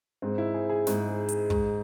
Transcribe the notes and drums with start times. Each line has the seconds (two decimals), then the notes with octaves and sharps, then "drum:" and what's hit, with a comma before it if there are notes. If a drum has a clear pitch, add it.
0.22 G#2 G#3 C4
0.38 E4
0.54 G#4
0.69 G#4
0.87 G#2 G#3, drum: snare
1.29 drum: hi-hat
1.50 G#2 G#3, drum: kick